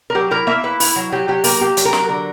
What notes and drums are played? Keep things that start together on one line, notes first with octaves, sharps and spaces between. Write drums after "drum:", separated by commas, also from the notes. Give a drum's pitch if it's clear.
A#4
F#3 G4
E4 A#4
A#3 E5
E4 B4
E4, drum: open hi-hat
F#3
F#3 G4
F#3 G4
A#3 A#4, drum: open hi-hat
A#3 G4
F#3, drum: hi-hat
A#4
F#3, drum: snare
D3 A#4